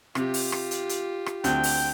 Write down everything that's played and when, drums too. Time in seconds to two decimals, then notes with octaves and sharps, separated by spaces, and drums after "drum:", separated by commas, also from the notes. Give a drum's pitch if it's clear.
0.15 C3 F4 G4, drum: rim click
0.34 drum: open hi-hat
0.52 drum: rim click
0.71 drum: hi-hat
0.89 drum: hi-hat
1.26 drum: rim click
1.44 D2 C4 G5, drum: hi-hat
1.63 drum: open hi-hat